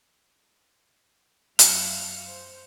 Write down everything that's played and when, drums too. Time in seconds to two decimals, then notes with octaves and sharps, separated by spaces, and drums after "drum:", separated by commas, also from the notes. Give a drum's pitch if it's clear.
1.59 F#2 F5 C#7 E7, drum: hi-hat
2.26 C5